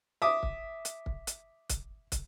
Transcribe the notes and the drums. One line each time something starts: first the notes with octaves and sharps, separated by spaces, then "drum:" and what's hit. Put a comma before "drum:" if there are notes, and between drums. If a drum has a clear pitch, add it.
E5 D6 D#6
drum: kick
drum: hi-hat
drum: kick
drum: hi-hat
drum: kick, hi-hat
drum: kick, hi-hat